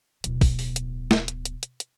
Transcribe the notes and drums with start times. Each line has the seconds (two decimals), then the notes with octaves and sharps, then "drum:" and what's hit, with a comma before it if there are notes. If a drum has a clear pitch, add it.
0.24 D1 B2, drum: hi-hat
0.41 drum: kick, open hi-hat
0.59 drum: open hi-hat
0.76 drum: hi-hat
1.11 drum: snare
1.28 drum: hi-hat
1.45 drum: hi-hat
1.63 drum: hi-hat
1.80 drum: hi-hat